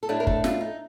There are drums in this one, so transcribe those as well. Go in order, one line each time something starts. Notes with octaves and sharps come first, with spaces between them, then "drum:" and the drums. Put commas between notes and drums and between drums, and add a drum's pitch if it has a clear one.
A4
A2 A3 D4 G4
A#4
A4, drum: kick
F4, drum: snare
D#4